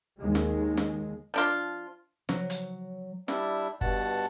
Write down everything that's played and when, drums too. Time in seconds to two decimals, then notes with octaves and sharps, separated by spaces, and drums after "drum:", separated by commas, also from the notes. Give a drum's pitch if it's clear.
0.19 D#2 D#3 G#3
0.35 drum: snare
0.77 drum: snare
1.34 F3 D4 F4
2.29 F#3, drum: snare
2.50 drum: hi-hat
3.28 G3 D4 E4 E5, drum: snare
3.81 G2 B2 F#5 A5, drum: kick